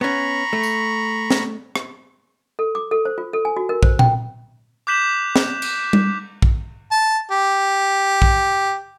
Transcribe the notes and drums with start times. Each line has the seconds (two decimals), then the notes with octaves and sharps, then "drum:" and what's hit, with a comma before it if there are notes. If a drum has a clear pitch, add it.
0.01 B3 C#4 A#5 B5 C#6
0.53 A3
0.63 drum: tambourine
1.30 drum: snare
1.76 drum: rim click
2.59 A4
2.75 D6
2.91 A4
3.05 C5
3.18 F4
3.33 A4
3.45 G#5
3.57 F#4
3.69 A#4
3.83 C5, drum: kick
3.99 G5, drum: tom A#2
4.87 D6 F#6 G6 B6 E7 F#7
5.36 drum: snare
5.62 drum: cymbal
5.93 drum: tom G3
6.42 drum: kick
6.91 A5
7.31 G4
8.22 drum: kick